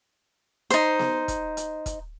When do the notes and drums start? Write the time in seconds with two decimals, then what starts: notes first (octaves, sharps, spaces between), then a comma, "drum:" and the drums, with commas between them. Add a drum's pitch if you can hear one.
0.70 D#4 C5, drum: hi-hat
0.99 drum: snare B3
1.28 drum: kick, hi-hat
1.57 drum: hi-hat
1.86 drum: kick, hi-hat